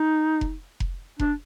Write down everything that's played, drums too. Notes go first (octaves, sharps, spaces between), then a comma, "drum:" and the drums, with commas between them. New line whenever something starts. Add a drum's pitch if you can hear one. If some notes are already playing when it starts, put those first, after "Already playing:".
Already playing: D#4
drum: kick F1
drum: kick F1
D4, drum: kick F1